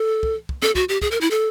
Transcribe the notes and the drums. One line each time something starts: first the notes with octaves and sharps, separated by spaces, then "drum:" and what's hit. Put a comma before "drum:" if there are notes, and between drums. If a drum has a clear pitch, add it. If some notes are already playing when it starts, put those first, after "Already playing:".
Already playing: A4
drum: kick
drum: kick
A4, drum: snare
F#4, drum: kick
G4
G#4, drum: kick
A#4
E4
A4